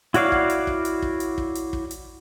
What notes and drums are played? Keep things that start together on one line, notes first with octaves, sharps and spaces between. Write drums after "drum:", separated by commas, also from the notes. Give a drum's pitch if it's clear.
E4 F#4 C#5 D5 F5, drum: hi-hat
drum: kick
drum: hi-hat
drum: kick
drum: hi-hat
drum: kick
drum: hi-hat
drum: kick
drum: hi-hat
drum: kick
drum: hi-hat